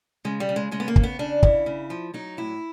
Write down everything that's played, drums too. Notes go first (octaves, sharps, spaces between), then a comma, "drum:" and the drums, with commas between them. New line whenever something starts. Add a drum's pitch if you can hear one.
C#3 G#3
G3
C#3
G#3
C#3 G#3
B3
A#3
C#3, drum: kick
B3
C#3 D4
C#3 E4, drum: kick
C#3
F3
F#3 D#4
A2 E4